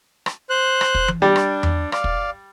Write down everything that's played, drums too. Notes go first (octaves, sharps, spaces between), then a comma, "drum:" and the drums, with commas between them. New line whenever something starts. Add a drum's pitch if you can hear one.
drum: rim click
C5 F#6
drum: rim click
drum: kick
drum: tom E3
G3 D4
drum: rim click
drum: tom E2
D5 F5, drum: rim click
drum: kick